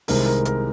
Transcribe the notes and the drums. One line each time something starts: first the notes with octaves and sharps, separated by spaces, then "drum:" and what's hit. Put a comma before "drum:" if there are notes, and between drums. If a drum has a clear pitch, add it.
C2 C3 D#3 G#3 C4 A#4, drum: open hi-hat
A#4
A#4, drum: hi-hat